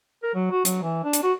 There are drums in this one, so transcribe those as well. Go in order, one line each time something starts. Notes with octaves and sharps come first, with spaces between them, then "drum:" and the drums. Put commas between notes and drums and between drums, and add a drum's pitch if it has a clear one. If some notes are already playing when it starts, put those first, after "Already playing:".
A#4
F#3
F#4
F#3, drum: hi-hat
E3
D4
drum: hi-hat
F#4